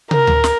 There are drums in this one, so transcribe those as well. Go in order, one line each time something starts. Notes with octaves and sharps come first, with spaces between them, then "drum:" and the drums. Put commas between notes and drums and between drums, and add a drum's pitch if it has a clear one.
A#4, drum: tom
drum: tom D2
drum: snare